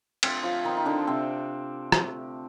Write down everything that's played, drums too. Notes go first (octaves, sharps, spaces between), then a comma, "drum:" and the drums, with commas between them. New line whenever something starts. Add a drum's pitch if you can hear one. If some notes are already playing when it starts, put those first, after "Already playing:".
D3 F3 A3 C4 C5, drum: cymbal
F3 F4
D#3 D#4
D#4
D3 D4
C3 C4
D3 A3, drum: rim click